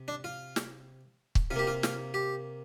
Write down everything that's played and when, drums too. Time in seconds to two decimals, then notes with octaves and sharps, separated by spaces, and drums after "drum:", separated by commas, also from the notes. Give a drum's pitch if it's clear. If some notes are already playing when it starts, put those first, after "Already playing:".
Already playing: C3
0.08 D4
0.24 F4
0.56 drum: snare
1.35 drum: kick
1.51 C3 F4
1.56 A#3 G4
1.67 F4
1.83 F4, drum: snare
2.14 G4